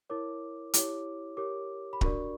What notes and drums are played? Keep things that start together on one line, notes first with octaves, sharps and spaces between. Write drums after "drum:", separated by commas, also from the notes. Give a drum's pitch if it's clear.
E4 A#4 C#5 D6
E4 G4 C#5 D6, drum: hi-hat
G4 A#4 C#5 D6
B5
D4 F#4 A#4 D5 C#6, drum: kick D1